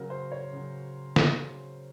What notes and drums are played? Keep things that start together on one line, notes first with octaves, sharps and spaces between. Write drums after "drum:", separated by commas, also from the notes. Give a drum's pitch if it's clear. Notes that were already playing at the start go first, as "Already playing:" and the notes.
Already playing: C#3 F#3 A#4
C5
C#5
C#3 F#3
C#3 F#3, drum: snare